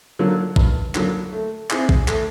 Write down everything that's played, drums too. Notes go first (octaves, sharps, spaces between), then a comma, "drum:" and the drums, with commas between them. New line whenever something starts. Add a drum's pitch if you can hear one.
D3 F#3 A#3
G2, drum: kick
D3 F#3 A#3, drum: clap
A3
C4 E4 G#4, drum: clap
drum: kick
A3, drum: clap